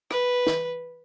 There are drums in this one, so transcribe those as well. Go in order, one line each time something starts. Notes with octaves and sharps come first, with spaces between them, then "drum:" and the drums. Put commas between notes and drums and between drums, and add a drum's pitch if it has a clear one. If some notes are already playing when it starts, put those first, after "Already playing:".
B4, drum: rim click
drum: snare